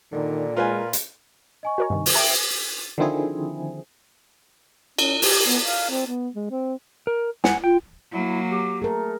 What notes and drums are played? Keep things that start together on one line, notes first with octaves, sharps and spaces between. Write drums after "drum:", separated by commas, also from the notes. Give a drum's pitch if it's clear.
A#2 D3 D#3
G#3 F4 A#4 B4 G#5
drum: hi-hat
D#5 G#5 C#6
F#4 A#4 C#5
G2 C3 D#3
drum: open hi-hat
E5 G5 A5 D7
D3 D#3 F3 C4 E4 G#4
C#4, drum: cymbal
G4, drum: open hi-hat
B3
F5
C4
B3
G#3
C4
A#4
F#5 G#5, drum: snare
F4 G5
F#3 A#3 E4
G4
A3 G#4 A#4